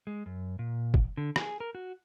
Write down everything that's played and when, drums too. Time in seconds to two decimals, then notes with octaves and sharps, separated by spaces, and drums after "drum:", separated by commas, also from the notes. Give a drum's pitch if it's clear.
0.07 G#3
0.26 F#2
0.59 A#2
0.94 drum: kick
1.17 D3
1.36 G#4, drum: rim click
1.60 A#4
1.75 F#4